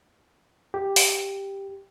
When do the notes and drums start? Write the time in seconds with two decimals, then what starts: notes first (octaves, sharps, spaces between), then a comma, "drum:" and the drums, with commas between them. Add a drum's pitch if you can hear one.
0.74 G4
0.96 drum: open hi-hat